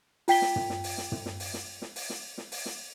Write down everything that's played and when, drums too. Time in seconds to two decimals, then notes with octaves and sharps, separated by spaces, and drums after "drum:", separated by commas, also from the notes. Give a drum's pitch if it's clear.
0.28 F4 G5 B6 G7, drum: open hi-hat
0.42 drum: snare
0.56 drum: tom
0.70 drum: snare
0.84 drum: open hi-hat
0.98 drum: snare
1.12 drum: tom
1.26 drum: snare
1.40 drum: open hi-hat
1.54 drum: snare
1.82 drum: snare
1.96 drum: open hi-hat
2.10 drum: snare
2.38 drum: snare
2.52 drum: open hi-hat
2.66 drum: snare